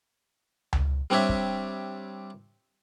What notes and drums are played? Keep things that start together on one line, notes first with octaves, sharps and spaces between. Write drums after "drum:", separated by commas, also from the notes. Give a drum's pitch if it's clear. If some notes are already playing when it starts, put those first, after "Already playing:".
drum: tom C#2
G3 C4 D4 C#5 E5
drum: kick